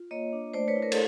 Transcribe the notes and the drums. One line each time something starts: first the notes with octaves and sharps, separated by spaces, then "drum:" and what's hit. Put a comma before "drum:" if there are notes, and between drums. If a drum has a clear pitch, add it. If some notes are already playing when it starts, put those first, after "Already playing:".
Already playing: F4
A#3 C#5 D#5
D4
A3 C5 D5
B4 C#5
E4
A#4 C5
A4, drum: cymbal